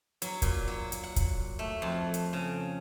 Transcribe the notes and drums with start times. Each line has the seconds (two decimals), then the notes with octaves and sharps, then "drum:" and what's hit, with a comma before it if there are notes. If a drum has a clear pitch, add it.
0.22 F#3, drum: hi-hat
0.42 A#2, drum: kick, hi-hat
0.68 F#3
0.92 drum: hi-hat
1.04 F#5
1.16 drum: kick, hi-hat
1.59 A3
1.82 F2
2.14 drum: hi-hat
2.33 C#3